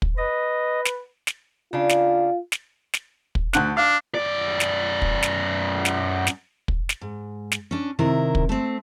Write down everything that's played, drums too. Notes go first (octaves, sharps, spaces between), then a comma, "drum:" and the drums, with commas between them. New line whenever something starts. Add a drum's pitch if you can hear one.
drum: kick
B4 D#5
drum: snare
drum: snare
C#3 D4 F4
drum: snare
drum: snare
drum: snare
drum: kick
D2 D3 F#6, drum: snare
D4 F5
F#2 D5
drum: snare
drum: kick
drum: snare
drum: snare
drum: snare
drum: kick
drum: snare
G#2
drum: snare
C#4 D4
C3 D#3 E4 A#4
drum: kick
A3 C4